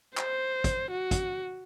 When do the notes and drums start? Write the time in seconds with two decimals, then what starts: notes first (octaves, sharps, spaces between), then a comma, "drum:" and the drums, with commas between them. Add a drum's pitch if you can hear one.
0.17 C5, drum: clap
0.64 drum: kick, hi-hat
0.91 F#4
1.11 drum: kick, hi-hat